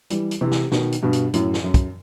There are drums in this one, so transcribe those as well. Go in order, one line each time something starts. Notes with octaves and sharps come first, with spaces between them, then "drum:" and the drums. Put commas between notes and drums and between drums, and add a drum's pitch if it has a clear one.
E3 G3, drum: hi-hat
drum: hi-hat
C3 E3
drum: snare
B2 D#3, drum: snare
drum: hi-hat
G2 B2
drum: hi-hat
F#2 A2, drum: hi-hat
drum: snare
F#2
drum: kick, hi-hat